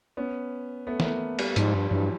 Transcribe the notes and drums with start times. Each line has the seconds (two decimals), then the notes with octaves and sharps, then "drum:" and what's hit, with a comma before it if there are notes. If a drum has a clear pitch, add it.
0.17 B3 C#4
0.87 A3 B3
1.00 A#3, drum: snare
1.04 A3 B3
1.39 G3 A3, drum: cymbal
1.56 G#2 F3 G3, drum: hi-hat
1.74 G2
1.91 G2 E3 F#3